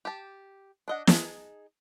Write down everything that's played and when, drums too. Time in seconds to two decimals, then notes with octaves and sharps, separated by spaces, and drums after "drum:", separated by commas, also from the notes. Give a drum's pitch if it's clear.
0.05 G4 A5
0.88 D4 D#5 F#5
1.07 D#4 G#4 A5, drum: snare